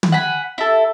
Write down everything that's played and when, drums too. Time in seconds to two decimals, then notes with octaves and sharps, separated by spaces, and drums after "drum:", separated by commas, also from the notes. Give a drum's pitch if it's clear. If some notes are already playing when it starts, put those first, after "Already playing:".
0.03 drum: tom
0.12 F#5 G#5 B5
0.58 E4 A4